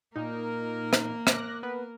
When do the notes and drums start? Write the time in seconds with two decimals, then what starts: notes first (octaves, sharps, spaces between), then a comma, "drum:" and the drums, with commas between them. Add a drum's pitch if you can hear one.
0.16 A#2 A#3 D#4 A#4
0.93 drum: rim click
1.27 D6 F#6 A#6, drum: rim click
1.63 B3 B4